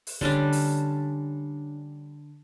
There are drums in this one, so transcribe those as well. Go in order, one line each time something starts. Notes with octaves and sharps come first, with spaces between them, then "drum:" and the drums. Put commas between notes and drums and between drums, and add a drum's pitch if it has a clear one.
drum: open hi-hat
D3 G3 C#4 D4, drum: kick
drum: open hi-hat